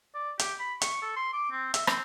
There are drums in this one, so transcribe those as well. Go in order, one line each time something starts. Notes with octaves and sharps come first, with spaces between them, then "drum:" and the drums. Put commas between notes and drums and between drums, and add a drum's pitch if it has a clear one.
D5
G4, drum: hi-hat
B5
C#6, drum: hi-hat
A4
C6
D6
C4
E5, drum: hi-hat
C4, drum: rim click